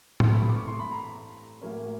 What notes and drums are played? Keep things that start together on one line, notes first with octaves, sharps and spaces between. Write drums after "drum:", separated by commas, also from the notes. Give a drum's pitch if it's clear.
A1 G2 E3 A3 C4 C6, drum: tom A2
B5
D6
C#6
C6
B5
A#5
A1 A2 F#3 A#3 C#4